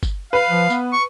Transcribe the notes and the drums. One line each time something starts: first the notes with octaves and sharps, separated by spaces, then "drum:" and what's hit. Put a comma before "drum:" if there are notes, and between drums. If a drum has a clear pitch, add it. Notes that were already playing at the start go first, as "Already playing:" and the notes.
drum: kick, tambourine
B4 F5
F3
B3, drum: tambourine
C#6